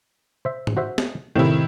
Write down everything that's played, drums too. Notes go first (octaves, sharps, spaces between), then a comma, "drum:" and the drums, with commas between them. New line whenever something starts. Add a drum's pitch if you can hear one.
C5 E5
drum: tom
F#4 C5 E5
drum: snare
A2 C3 D#3 C4 E4